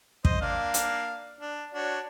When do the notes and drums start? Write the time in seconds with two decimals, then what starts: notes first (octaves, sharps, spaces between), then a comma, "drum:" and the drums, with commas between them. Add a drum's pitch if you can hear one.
0.25 C5 D#5, drum: kick
0.41 A#3 D4 F5
0.74 drum: hi-hat
1.40 D4
1.74 D4 F#4 C#5